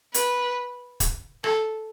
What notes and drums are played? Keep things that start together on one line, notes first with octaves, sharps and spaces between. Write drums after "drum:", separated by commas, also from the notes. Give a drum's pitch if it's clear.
B4, drum: hi-hat
drum: kick, hi-hat
A4, drum: rim click